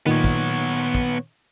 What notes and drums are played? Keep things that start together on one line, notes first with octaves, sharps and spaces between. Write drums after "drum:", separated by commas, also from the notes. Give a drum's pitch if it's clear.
A#2 D#3 B3 C#5
drum: kick
drum: kick